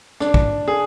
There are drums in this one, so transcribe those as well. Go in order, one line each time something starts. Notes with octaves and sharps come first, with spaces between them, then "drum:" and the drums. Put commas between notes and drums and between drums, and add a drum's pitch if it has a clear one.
D4, drum: rim click
drum: kick
G#4